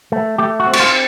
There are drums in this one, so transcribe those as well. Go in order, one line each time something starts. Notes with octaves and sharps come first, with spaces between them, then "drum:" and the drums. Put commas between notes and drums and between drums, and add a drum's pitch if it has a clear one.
A3
A3 G4
F#4
C4
F#4, drum: cymbal
F4